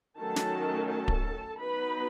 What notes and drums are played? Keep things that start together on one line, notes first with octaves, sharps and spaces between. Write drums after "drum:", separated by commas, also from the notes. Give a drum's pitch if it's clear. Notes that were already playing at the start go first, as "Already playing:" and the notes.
D#3 F#3 A3 C#4 A4 A5
drum: snare
A4 A5
drum: kick D1
F#3 B3 D#4 B4 B5